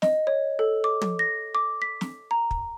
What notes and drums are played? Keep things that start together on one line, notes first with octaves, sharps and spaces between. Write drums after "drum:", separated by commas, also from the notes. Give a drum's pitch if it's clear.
D#5, drum: snare
C#5
A4
D6
drum: tom
A#6
D6
B6
drum: snare
A#5
drum: kick